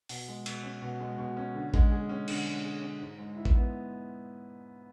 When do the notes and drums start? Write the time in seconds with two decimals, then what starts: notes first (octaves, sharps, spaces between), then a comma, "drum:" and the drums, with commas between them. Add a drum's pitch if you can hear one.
0.09 B2, drum: open hi-hat
0.28 G#3
0.46 B2, drum: cymbal
0.63 C#4
0.82 B2
1.00 G#3
1.18 B2
1.37 C#4
1.55 D3
1.74 G#3, drum: kick A1
1.91 G#4
2.09 C#4
2.28 D3, drum: cymbal
2.46 G#3
2.64 G#4
2.82 C#4
3.01 G#2
3.19 G#3
3.36 E4
3.45 drum: kick A1
3.55 B3